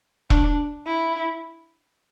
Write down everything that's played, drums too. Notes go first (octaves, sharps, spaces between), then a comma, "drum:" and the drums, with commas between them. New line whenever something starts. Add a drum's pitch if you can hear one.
D4, drum: kick E1
E4